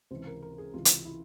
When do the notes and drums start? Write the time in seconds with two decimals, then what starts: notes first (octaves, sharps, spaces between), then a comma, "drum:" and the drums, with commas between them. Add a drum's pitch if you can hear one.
0.11 C#2 C3 E3 C5
0.27 A#4
0.42 A#4
0.58 G#4
0.74 C#2 C3 E3 F4
0.85 drum: hi-hat
1.05 E4